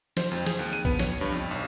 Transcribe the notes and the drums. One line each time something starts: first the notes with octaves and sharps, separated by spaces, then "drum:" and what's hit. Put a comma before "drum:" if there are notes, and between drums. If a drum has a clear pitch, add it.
C5, drum: snare
F2
G#4, drum: snare
D#2
D#7
B3, drum: kick B1
C#5, drum: snare
G2
F2
B1